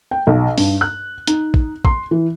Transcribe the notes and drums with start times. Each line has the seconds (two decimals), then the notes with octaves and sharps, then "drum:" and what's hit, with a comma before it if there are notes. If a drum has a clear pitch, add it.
0.11 G5
0.27 B1
0.58 G2, drum: open hi-hat
0.81 F#6
1.27 D#4, drum: hi-hat
1.54 drum: kick
1.85 C6, drum: kick
2.11 E3